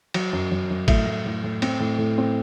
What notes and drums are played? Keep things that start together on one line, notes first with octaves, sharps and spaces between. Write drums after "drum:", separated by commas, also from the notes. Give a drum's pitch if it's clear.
F#3, drum: cymbal
F#2
F#2
F#2
A2 E5, drum: kick G#1, cymbal
A2
A2
A2
C4, drum: cymbal
A2
A2
C4